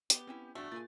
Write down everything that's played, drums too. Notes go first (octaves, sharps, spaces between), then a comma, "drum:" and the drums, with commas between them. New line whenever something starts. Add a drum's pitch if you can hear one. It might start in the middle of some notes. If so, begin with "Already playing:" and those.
B3 G4, drum: hi-hat
C4 C#4 E4
E2 G2 A3 D4 F#4
A#2 A#3 G#4 G#5 A6